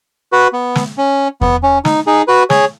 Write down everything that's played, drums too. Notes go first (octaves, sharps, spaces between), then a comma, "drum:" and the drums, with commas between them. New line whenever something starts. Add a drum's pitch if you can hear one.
F#4 B4
B3
drum: snare
C#4
B3, drum: kick E2
C#4
D#4, drum: snare
D#4 G#4
F#4 B4
G#4 C#5, drum: snare